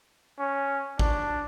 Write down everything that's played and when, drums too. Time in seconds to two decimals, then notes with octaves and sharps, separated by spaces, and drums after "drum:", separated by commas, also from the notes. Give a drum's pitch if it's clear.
0.39 C#4
0.99 D4, drum: kick